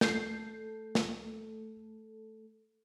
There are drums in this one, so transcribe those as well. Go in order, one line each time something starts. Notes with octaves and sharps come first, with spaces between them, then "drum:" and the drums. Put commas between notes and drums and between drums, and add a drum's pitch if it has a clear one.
A3 A4 G6 C7, drum: snare
drum: snare